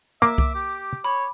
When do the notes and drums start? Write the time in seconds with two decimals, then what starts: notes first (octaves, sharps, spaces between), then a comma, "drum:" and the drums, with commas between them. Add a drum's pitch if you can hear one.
0.22 A#3 E5 D6
0.38 drum: kick C2
0.55 G4
1.04 C#5 B5